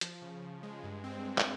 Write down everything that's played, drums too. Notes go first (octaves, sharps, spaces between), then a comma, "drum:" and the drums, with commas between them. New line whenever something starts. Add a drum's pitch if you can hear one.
F3, drum: hi-hat
C#3
C#3
G#3
G2
C4
G2
drum: clap